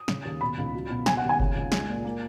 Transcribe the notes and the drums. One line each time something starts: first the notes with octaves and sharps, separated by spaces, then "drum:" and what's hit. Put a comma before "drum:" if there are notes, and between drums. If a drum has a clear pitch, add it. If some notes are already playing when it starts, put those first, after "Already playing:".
Already playing: D#6
C#3, drum: snare
D#2
B2 B5
C#2
F#3
B2
C#3 G#5, drum: snare
F#5
D#2
G#5
C#3, drum: kick F#1
C#2
G#3, drum: snare
A#2
A#3